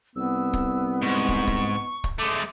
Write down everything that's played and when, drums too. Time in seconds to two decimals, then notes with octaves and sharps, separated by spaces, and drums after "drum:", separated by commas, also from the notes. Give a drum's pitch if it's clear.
0.16 C2 B3 E6
0.53 drum: kick
1.02 G#2 C#6
1.29 drum: kick
1.47 drum: kick
2.04 drum: kick
2.19 G#3 A3 D6